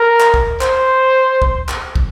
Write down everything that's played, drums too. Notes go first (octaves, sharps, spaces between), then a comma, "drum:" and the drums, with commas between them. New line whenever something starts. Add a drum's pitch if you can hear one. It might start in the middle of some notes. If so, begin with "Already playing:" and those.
Already playing: A#4
drum: clap
drum: kick
C5, drum: clap
drum: kick
drum: clap
drum: kick